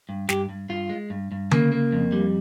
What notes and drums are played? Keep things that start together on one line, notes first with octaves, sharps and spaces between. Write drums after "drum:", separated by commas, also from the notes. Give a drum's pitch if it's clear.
G2
G2 G4, drum: snare
G2
G2 F4
G#3
G2
G2
C#3 A#3, drum: tom D3
A#3
F2
G3